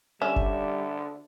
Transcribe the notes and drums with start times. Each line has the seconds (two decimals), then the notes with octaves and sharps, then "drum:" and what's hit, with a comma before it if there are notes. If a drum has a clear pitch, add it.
0.22 D3 G3 C#4 E5
0.36 drum: kick F#1